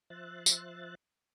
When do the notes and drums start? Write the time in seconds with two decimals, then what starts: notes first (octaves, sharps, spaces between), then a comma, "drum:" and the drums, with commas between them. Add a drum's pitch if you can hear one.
0.10 F3 C5 E5 F#6 A6
0.46 drum: tambourine